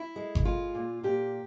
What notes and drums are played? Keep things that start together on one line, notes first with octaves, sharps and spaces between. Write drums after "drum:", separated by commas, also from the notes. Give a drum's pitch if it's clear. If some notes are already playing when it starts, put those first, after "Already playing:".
Already playing: E4
G#3
drum: kick G1
G#3 F4
A#2
A#2 G4